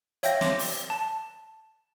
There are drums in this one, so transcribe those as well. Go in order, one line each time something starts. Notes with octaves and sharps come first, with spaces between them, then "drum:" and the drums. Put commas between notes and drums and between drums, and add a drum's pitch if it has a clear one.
C#5 E5 F5 G5 G6 A#6, drum: hi-hat
C6 D6 A#6, drum: snare
drum: open hi-hat
A5